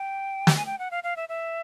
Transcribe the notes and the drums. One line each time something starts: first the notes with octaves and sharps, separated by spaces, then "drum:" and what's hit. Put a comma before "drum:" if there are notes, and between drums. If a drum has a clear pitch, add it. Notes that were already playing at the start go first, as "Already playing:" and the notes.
Already playing: G5
drum: snare
G#5
G5
F#5
F5
F5
E5
E5